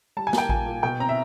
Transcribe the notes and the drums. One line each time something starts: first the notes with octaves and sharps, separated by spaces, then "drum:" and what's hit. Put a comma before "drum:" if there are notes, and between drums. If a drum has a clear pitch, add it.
G3 A5
G#5
A#3 G5, drum: snare
A#2 G#5, drum: kick A1
A#2
B2 G5
C4 A#5
E5